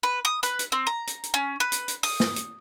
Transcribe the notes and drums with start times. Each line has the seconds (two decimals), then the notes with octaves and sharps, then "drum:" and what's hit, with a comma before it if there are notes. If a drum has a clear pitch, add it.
0.03 B4
0.25 D#6
0.43 B4, drum: hi-hat
0.59 drum: hi-hat
0.72 C4
0.87 A#5
1.07 drum: hi-hat
1.23 drum: hi-hat
1.34 C#4
1.60 B4
1.72 drum: hi-hat
1.88 drum: hi-hat
2.03 D#6, drum: open hi-hat
2.20 drum: snare
2.36 drum: hi-hat